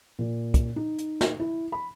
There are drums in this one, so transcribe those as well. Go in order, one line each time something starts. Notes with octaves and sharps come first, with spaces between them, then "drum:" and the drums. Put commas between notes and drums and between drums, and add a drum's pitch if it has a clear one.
A#2
drum: kick, hi-hat
D#4
drum: hi-hat
drum: snare
E4
B5